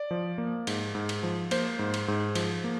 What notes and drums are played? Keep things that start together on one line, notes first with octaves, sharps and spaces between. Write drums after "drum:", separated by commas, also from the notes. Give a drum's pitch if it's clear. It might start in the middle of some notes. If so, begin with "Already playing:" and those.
Already playing: D5
F3
A#3
G#2, drum: cymbal
G#2
drum: cymbal
F3
A#3 C5, drum: cymbal
G#2
drum: cymbal
G#2
F3, drum: cymbal
A#3